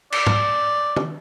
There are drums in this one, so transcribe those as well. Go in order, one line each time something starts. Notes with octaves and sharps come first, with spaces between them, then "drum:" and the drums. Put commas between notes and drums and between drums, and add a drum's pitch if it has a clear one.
D5, drum: cymbal
drum: tom
drum: tom